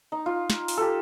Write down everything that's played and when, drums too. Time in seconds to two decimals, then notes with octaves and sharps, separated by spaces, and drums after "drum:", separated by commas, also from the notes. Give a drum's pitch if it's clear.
0.12 D#4
0.26 F4
0.50 drum: snare
0.68 drum: open hi-hat
0.77 G4 A4